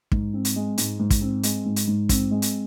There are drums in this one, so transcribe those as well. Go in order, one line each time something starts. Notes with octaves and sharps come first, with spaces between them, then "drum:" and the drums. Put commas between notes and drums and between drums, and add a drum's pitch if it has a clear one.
G#2, drum: kick
C4
drum: hi-hat
G#3
G#2, drum: hi-hat
G#2
drum: kick, hi-hat
C4
G#3, drum: hi-hat
G#2
drum: hi-hat
G#2
C4, drum: kick, hi-hat
G#3
drum: hi-hat